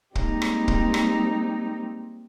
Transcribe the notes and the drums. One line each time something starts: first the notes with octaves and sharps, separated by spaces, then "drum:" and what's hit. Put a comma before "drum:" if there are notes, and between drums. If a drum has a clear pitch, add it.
G3 G#3 A#3 C4 D#4 G4, drum: kick
drum: rim click
drum: kick
drum: rim click